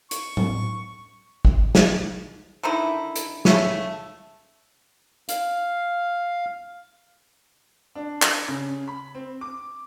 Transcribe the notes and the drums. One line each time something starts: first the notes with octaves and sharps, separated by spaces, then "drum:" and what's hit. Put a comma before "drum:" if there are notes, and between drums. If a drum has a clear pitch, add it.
C#6, drum: hi-hat
drum: tom A2
drum: kick
drum: snare
D3 D#3 D#4 E4
drum: hi-hat
C#3 A3 C#5, drum: snare
F5, drum: hi-hat
D4
drum: clap
C#3
B5
C4
D6